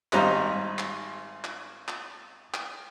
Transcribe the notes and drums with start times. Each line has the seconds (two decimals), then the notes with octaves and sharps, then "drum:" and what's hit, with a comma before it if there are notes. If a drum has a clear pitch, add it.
0.13 G#1 G3 C5 D#5 F5 A#5, drum: clap
0.79 drum: clap
1.44 drum: clap
1.88 drum: clap
2.54 drum: clap